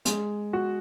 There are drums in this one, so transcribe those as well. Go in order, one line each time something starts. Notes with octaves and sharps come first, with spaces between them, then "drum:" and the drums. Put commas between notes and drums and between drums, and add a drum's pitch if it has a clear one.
G#3, drum: hi-hat
F#4